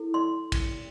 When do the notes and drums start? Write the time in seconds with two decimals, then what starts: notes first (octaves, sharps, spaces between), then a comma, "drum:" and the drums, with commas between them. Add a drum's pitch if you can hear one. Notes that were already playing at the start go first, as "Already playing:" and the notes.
Already playing: E4 A4
0.14 C6
0.52 drum: kick, cymbal